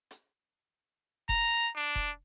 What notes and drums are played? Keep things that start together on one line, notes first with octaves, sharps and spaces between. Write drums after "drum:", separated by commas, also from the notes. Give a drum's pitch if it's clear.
drum: hi-hat
A#5, drum: kick F1
D4
drum: kick F1